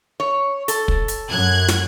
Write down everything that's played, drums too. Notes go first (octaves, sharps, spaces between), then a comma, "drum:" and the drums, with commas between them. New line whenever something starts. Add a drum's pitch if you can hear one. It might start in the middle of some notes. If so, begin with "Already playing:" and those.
C#5
A4, drum: hi-hat
drum: kick
drum: hi-hat
F#2 F#6 G#6
drum: snare